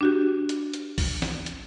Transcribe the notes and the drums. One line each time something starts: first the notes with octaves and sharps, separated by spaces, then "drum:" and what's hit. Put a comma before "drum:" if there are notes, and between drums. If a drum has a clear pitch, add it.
D4 F#4 G4
drum: hi-hat
drum: hi-hat
drum: kick B1, open hi-hat
drum: snare
drum: hi-hat